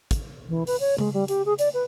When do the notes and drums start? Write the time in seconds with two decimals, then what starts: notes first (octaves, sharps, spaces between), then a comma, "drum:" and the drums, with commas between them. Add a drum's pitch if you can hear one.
0.11 drum: kick, hi-hat
0.48 E3
0.67 B4, drum: open hi-hat
0.80 C#5
0.98 G#3, drum: tom C#3
1.13 G3
1.28 G4, drum: hi-hat
1.46 G#4
1.59 D5, drum: hi-hat
1.74 B4